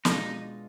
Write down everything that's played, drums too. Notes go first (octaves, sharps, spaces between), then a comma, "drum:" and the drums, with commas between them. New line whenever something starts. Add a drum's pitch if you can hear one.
B2 G#3 D4 D#4 F4, drum: snare